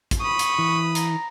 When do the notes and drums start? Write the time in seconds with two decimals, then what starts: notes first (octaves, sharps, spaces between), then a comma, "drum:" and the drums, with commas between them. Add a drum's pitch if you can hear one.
0.11 drum: kick, hi-hat
0.21 B5 C#6 D#6
0.39 drum: hi-hat
0.58 E3
0.95 A#5, drum: hi-hat